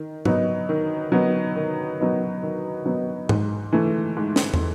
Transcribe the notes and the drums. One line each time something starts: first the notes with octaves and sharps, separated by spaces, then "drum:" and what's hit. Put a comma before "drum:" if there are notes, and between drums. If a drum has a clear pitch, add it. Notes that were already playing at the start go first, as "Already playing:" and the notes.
Already playing: D#3
F#3 B3 D#4, drum: tom G#2
D#3
F#3 B3 D#4
D#3
F#3 B3 D#4
D#3
F#3 B3 D#4
G#2, drum: tom G#2
E3 A3
G#2
drum: snare
drum: tom